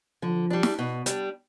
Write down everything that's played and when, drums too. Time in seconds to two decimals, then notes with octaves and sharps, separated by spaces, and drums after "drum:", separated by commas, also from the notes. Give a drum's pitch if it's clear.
0.22 D3 F3
0.50 G3 D4
0.63 drum: snare
0.79 B2
1.06 G3 D4, drum: hi-hat